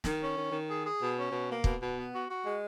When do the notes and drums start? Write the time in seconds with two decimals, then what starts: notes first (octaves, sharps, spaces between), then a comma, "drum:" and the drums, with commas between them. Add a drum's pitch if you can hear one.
0.04 D#3, drum: snare
0.20 C#4
0.36 D#3
0.52 D#3
0.68 G#4
0.84 G#4
1.00 B2
1.16 C#4
1.32 B2
1.48 A#3
1.64 B2, drum: kick
1.80 B2
1.96 B3
2.12 F#4
2.28 F#4
2.44 G#3